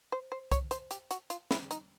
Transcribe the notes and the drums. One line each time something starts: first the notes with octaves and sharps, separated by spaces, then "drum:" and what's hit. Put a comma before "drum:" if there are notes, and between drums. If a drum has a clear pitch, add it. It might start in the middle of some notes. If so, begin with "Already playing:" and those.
C5
C5
C#5, drum: kick C2, hi-hat
C5, drum: hi-hat
G4, drum: hi-hat
F#4, drum: hi-hat
F4, drum: hi-hat
E4, drum: snare
D#4, drum: hi-hat